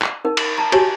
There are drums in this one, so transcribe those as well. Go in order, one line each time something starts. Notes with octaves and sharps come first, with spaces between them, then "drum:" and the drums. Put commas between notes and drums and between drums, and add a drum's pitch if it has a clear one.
drum: clap
D#4 A#4
drum: cymbal
A5 A#5
F#4 G4 C#5 G#5 A5, drum: cymbal